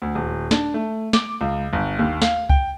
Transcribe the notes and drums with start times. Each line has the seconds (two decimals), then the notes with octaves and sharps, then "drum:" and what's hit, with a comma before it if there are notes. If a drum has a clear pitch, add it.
0.02 D2
0.15 D#1
0.51 D4, drum: snare
0.74 A3
1.13 D6, drum: snare
1.41 C#2
1.73 G1
1.99 D#2
2.22 F5, drum: snare
2.49 G5, drum: kick C2